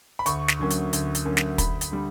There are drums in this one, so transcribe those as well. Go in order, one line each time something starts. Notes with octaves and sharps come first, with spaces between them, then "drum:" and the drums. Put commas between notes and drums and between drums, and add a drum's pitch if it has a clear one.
B5
D2 C#6, drum: hi-hat
drum: snare
D3 F#3 A#3 C#4
drum: hi-hat
D2, drum: hi-hat
drum: hi-hat
D3 F#3 A#3 C#4
drum: snare
D2 B5, drum: kick, hi-hat
drum: hi-hat
D3 G3